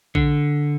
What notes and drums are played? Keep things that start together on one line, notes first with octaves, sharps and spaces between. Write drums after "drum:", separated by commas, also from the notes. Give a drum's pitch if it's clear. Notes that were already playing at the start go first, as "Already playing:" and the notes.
D3, drum: kick A#1